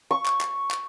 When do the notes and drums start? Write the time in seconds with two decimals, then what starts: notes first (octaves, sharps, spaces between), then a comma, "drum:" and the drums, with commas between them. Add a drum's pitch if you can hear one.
0.11 C#6
0.26 drum: clap
0.41 drum: clap
0.71 drum: clap